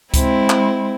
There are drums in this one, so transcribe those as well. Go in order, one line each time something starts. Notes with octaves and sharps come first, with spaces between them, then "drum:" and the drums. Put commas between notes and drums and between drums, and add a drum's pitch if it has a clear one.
G#3 C4 E4, drum: kick C#2, hi-hat
drum: clap